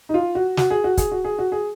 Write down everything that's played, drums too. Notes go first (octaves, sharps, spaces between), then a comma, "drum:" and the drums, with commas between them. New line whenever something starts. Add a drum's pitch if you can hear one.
D#4
F4
F#4
F#4, drum: snare
G#4
F#4
G#4, drum: kick, hi-hat
F#4
G#4
F#4
G#4